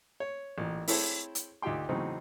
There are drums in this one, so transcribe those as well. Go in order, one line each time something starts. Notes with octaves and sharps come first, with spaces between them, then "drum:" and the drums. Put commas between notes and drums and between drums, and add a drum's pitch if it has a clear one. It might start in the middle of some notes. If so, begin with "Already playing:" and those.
C#5
A1 A#2
C4 E4 G#4 A4 C5 C#5, drum: open hi-hat
drum: hi-hat
D2 D#4 F4 G4 G5 C6
E2 A2 C#3 F#3 C4 D#4